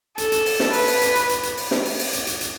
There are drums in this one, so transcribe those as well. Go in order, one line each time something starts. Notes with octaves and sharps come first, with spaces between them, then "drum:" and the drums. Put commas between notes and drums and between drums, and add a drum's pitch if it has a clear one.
A4, drum: hi-hat
drum: hi-hat
drum: open hi-hat
drum: snare
B4, drum: open hi-hat
drum: open hi-hat
drum: hi-hat
drum: hi-hat
drum: hi-hat
drum: hi-hat
drum: open hi-hat
drum: snare
drum: open hi-hat
drum: open hi-hat
drum: hi-hat
drum: hi-hat
drum: hi-hat